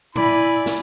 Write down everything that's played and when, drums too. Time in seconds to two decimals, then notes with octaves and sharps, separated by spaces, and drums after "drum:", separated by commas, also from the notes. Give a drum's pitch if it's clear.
0.16 E4 D5 G#5 B5, drum: tom A2
0.66 drum: snare